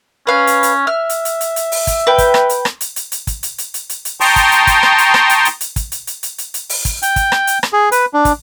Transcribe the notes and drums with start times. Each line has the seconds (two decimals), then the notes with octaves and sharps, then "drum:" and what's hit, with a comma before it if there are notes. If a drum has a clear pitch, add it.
0.27 C#4 B4 F5
0.47 drum: hi-hat
0.63 drum: hi-hat
0.87 E5 F6
1.09 drum: hi-hat
1.25 drum: hi-hat
1.41 drum: hi-hat
1.56 drum: hi-hat
1.72 drum: open hi-hat
1.87 drum: kick, hi-hat
2.07 B4 G5
2.18 drum: kick, hi-hat
2.34 drum: rim click
2.49 drum: hi-hat
2.65 drum: rim click
2.81 drum: hi-hat
2.96 drum: hi-hat
3.12 drum: hi-hat
3.27 drum: kick, hi-hat
3.43 drum: hi-hat
3.58 drum: hi-hat
3.74 drum: hi-hat
3.89 drum: hi-hat
4.05 drum: hi-hat
4.21 G5 A5 A#5 C6 C#6 D#6, drum: open hi-hat
4.36 drum: kick, hi-hat
4.52 drum: hi-hat
4.67 drum: kick, hi-hat
4.83 drum: rim click
4.98 drum: hi-hat
5.14 drum: rim click
5.29 drum: hi-hat
5.45 drum: hi-hat
5.61 drum: hi-hat
5.76 drum: kick, hi-hat
5.92 drum: hi-hat
6.07 drum: hi-hat
6.23 drum: hi-hat
6.38 drum: hi-hat
6.54 drum: hi-hat
6.69 drum: open hi-hat
6.85 drum: kick, hi-hat
7.02 G5, drum: hi-hat
7.16 drum: kick, hi-hat
7.32 drum: rim click
7.47 drum: hi-hat
7.63 drum: rim click
7.73 G#4
7.92 B4, drum: hi-hat
8.14 D4
8.25 drum: kick, hi-hat